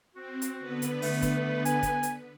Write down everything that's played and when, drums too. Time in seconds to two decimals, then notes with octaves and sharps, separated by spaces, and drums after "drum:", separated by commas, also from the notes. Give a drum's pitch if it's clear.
0.15 C4 F#4
0.42 drum: hi-hat
0.60 D3 B3 B4
0.82 drum: hi-hat
1.02 A3, drum: open hi-hat
1.22 drum: kick, hi-hat
1.65 G#5, drum: hi-hat
1.83 drum: kick, hi-hat
2.03 drum: hi-hat